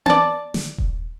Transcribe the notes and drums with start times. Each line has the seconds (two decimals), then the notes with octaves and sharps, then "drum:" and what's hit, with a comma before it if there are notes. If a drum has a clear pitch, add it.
0.06 D5 A5, drum: tom B3
0.54 drum: snare
0.78 drum: kick D#1